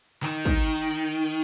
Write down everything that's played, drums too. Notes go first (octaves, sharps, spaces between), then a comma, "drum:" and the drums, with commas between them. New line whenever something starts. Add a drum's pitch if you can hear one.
D#3, drum: clap
drum: kick